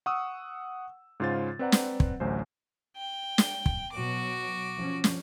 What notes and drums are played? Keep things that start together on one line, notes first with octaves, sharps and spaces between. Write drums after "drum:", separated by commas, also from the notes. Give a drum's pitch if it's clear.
F#5 C#6 D#6 E6
G#2 C#3 F4 C5 A6
C4 B4 D5 F#5 A#5
drum: snare
drum: kick
A1 D2 F#3 C5
G5
drum: snare
drum: kick
B2 F#3 F#4 D6
F3 C#4
drum: snare